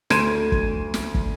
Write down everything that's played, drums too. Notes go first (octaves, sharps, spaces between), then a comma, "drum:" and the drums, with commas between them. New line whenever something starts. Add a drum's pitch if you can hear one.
D2 C6 G#6 D#7 E7, drum: snare
drum: kick
drum: snare
drum: kick